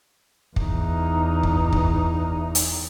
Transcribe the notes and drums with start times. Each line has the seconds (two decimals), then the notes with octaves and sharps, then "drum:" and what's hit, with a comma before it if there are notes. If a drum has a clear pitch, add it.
0.56 E2 D#4, drum: kick
1.43 drum: kick
1.73 drum: kick
2.55 drum: hi-hat